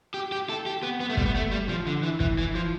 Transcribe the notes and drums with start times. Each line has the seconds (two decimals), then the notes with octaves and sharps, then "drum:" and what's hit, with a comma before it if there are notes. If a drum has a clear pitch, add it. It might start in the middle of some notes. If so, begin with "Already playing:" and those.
0.14 G4
0.32 G4
0.50 A4
0.66 G4
0.83 B3
1.00 B3
1.10 A3
1.17 G3, drum: kick
1.26 B3
1.35 A3
1.51 G3
1.69 F3
1.87 D3
2.03 E3
2.20 E3, drum: kick
2.38 E3
2.55 F3